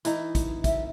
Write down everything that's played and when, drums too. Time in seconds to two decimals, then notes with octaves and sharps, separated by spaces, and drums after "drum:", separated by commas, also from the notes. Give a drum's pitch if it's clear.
0.05 E3 D#4, drum: hi-hat
0.35 drum: kick, hi-hat
0.64 E5, drum: kick, hi-hat